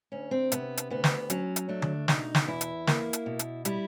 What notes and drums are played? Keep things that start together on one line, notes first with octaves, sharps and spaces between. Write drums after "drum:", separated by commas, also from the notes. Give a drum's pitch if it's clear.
D2 C#4
C4
C3 B3, drum: hi-hat
drum: hi-hat
D2 B3
drum: snare
F#3 C#4, drum: hi-hat
drum: hi-hat
A3 D4
drum: tom D3
B2 D#4, drum: snare
drum: snare
E2 E4
drum: hi-hat
A#3, drum: snare
drum: hi-hat
B2
drum: hi-hat
G3 E4, drum: hi-hat